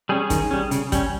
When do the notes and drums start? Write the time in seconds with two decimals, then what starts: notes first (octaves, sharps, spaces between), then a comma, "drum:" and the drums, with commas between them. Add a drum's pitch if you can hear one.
0.09 G3 C#4 G#4
0.30 D#3, drum: kick, hi-hat
0.51 G3 C#4
0.71 C#3, drum: hi-hat
0.92 G3 C#4, drum: kick, hi-hat